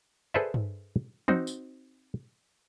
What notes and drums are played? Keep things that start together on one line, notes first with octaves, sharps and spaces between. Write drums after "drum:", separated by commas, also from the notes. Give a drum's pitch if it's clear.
G#4 A4 B4 C5 D5 E5
drum: tom G2
C4 D#4 F#4, drum: tom E3
drum: tambourine